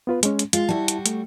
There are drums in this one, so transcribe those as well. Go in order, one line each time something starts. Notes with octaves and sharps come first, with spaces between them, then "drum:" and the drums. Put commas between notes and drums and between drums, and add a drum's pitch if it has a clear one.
B3 F4 B4
G#3 C#4, drum: hi-hat
drum: hi-hat
G#3 F4, drum: hi-hat
G3 E4 F#4 A5
drum: hi-hat
A3, drum: hi-hat